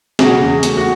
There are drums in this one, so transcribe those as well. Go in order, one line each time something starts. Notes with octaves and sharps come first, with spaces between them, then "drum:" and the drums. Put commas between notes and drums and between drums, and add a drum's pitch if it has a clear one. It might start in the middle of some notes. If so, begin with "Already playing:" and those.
C#3 F#4 G#4, drum: snare
E2
A3, drum: hi-hat
F#4